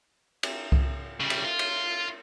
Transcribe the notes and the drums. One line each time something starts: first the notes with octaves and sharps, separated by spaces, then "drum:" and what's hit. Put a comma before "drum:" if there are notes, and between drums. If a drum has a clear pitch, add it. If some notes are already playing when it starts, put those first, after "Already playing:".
drum: cymbal
drum: kick C2
C#3 G3
drum: cymbal
F4
drum: cymbal